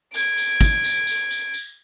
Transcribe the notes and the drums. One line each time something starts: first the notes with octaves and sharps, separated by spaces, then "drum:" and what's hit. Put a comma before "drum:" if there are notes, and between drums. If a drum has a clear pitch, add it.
G#6 D7, drum: tambourine
drum: tambourine
drum: kick, tambourine
drum: tambourine
drum: tambourine
drum: tambourine
drum: tambourine